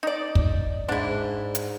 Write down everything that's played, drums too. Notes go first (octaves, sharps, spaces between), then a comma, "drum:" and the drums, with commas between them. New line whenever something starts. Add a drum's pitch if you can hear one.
D#4 D5
drum: kick
G#2 D4 E4
drum: hi-hat